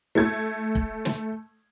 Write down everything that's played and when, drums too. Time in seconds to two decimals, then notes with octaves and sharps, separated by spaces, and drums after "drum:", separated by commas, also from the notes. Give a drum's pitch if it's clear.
0.15 A3 G#6
0.75 drum: kick
1.05 drum: snare